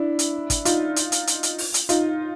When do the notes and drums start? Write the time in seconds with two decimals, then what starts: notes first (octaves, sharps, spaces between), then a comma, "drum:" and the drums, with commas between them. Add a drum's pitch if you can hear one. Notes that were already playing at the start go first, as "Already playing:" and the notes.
Already playing: D4 E4
0.19 drum: hi-hat
0.50 drum: kick, hi-hat
0.65 D#4 F4, drum: hi-hat
0.96 drum: hi-hat
1.12 drum: hi-hat
1.27 drum: hi-hat
1.43 drum: hi-hat
1.58 drum: open hi-hat
1.74 drum: hi-hat
1.89 D#4 F4, drum: hi-hat